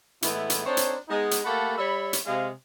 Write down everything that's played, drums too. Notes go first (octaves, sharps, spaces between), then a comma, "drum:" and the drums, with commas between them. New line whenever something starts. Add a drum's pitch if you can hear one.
A2 E3 G#3 B3 E4, drum: hi-hat
drum: hi-hat
C4 D4 D#4 A4 C5 C#5
drum: hi-hat
G#3 B3 D#4
drum: hi-hat
A3 A#3 G4 A4 F#5 B5
G3 C#5 E5 B5
drum: hi-hat
C3 G#3 F5